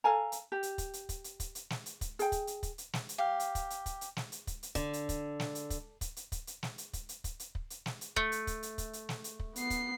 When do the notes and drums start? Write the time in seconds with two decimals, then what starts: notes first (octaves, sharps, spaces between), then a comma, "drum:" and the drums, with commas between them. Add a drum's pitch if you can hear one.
0.04 A4 F5 G#5 A#5
0.32 drum: hi-hat
0.52 G4
0.63 drum: hi-hat
0.78 drum: kick, hi-hat
0.93 drum: hi-hat
1.09 drum: kick, hi-hat
1.24 drum: hi-hat
1.40 drum: kick, hi-hat
1.55 drum: hi-hat
1.70 drum: snare
1.86 drum: hi-hat
2.01 drum: kick, hi-hat
2.19 G#4 G5, drum: hi-hat
2.32 drum: kick, hi-hat
2.47 drum: hi-hat
2.63 drum: kick, hi-hat
2.78 drum: hi-hat
2.93 drum: snare
3.09 drum: hi-hat
3.18 G4 F5
3.40 drum: hi-hat
3.55 drum: kick, hi-hat
3.70 drum: hi-hat
3.86 drum: kick, hi-hat
4.01 drum: hi-hat
4.17 drum: snare
4.32 drum: hi-hat
4.47 drum: kick, hi-hat
4.63 drum: hi-hat
4.75 D3, drum: kick, hi-hat
4.93 drum: hi-hat
5.09 drum: kick, hi-hat
5.40 drum: snare
5.55 drum: hi-hat
5.70 drum: kick, hi-hat
6.01 drum: kick, hi-hat
6.16 drum: hi-hat
6.32 drum: kick, hi-hat
6.47 drum: hi-hat
6.63 drum: snare
6.78 drum: hi-hat
6.93 drum: kick, hi-hat
7.09 drum: hi-hat
7.24 drum: kick, hi-hat
7.40 drum: hi-hat
7.55 drum: kick
7.70 drum: hi-hat
7.86 drum: snare
8.01 drum: hi-hat
8.16 A3, drum: kick
8.32 drum: hi-hat
8.47 drum: kick, hi-hat
8.63 drum: hi-hat
8.78 drum: kick, hi-hat
8.93 drum: hi-hat
9.09 drum: snare
9.24 drum: hi-hat
9.39 drum: kick
9.56 B3 C7, drum: hi-hat
9.70 drum: kick, hi-hat